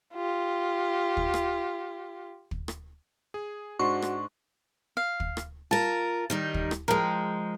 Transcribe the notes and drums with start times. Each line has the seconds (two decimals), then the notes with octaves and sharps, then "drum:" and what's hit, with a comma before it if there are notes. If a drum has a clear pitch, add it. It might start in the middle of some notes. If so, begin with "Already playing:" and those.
0.14 F4 G4
1.17 drum: kick
1.34 drum: rim click
2.51 drum: kick
2.68 drum: rim click
3.34 G#4
3.79 G#2 D4 F#4 C6 C#6
4.02 drum: rim click
4.97 F5
5.20 drum: kick
5.37 drum: rim click
5.71 F4 A#4 A5
6.30 D#3 G3 D#4
6.54 drum: kick
6.71 drum: rim click
6.88 F3 G#3 A#4 G5